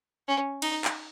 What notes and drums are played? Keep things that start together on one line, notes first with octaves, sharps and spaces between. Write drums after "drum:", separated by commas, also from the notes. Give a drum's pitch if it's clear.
C#4
D#4, drum: cymbal
drum: clap